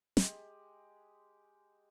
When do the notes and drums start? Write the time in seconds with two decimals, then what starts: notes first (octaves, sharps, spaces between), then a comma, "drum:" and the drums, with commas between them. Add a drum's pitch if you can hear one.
0.17 G#3 G4, drum: snare